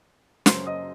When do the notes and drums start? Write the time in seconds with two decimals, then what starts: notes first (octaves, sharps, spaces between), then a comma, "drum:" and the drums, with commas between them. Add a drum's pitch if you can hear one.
0.46 F#2 C#3 F#3 C5 C6, drum: snare
0.66 D#5 D#6